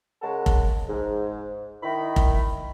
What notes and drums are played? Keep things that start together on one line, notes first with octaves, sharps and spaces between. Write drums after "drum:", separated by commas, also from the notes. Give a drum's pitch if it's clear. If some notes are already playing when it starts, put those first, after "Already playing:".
C#3 G#3 A#4 F#5 A5
drum: kick F1
G#2
D#3 E4 B5
drum: kick F1